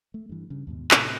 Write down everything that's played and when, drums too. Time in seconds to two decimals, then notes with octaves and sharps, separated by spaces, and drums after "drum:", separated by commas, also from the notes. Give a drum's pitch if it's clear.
0.14 A3
0.29 G2 E3
0.50 G2 C#3
0.67 D#2 G#2 B2
0.91 A2 C3 A3, drum: clap